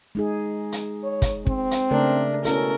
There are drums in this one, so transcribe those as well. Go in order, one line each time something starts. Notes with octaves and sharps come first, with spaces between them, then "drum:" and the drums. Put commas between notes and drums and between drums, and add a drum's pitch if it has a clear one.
G#3 D#4 G#4
drum: hi-hat
C#5
drum: kick, hi-hat
C4, drum: kick
drum: hi-hat
C#3 A3 D4 A#4
B2 C#4 E4 A4 A#4, drum: hi-hat